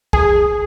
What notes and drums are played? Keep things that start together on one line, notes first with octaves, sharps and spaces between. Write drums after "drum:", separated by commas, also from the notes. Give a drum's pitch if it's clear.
G#4, drum: kick